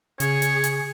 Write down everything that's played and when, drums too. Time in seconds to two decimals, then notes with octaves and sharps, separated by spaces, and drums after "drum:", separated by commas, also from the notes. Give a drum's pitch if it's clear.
0.20 C#3 G#4 C#5, drum: hi-hat
0.42 drum: hi-hat
0.64 drum: hi-hat